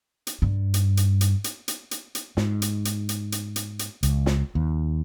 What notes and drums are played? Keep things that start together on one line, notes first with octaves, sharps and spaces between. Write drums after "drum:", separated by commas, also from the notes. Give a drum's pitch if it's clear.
drum: hi-hat
G2
drum: hi-hat
drum: hi-hat
drum: hi-hat
drum: hi-hat
drum: hi-hat
drum: hi-hat
drum: hi-hat
G#2, drum: snare
drum: hi-hat
drum: hi-hat
drum: hi-hat
drum: hi-hat
drum: hi-hat
drum: hi-hat
C#2, drum: hi-hat
drum: snare
D#2